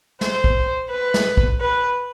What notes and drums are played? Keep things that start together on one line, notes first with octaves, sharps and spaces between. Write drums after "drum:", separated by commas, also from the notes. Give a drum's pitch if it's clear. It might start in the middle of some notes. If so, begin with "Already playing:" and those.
C5, drum: snare
drum: kick
B4
drum: snare
drum: kick
B4